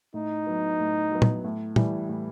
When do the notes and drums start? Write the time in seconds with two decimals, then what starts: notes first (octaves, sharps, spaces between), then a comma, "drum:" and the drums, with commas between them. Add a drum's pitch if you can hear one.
0.14 A2 D#4
0.47 F#3 B3
0.80 A2
1.12 F#3 B3
1.22 drum: tom
1.44 A2
1.76 E3 G3, drum: tom
2.09 A2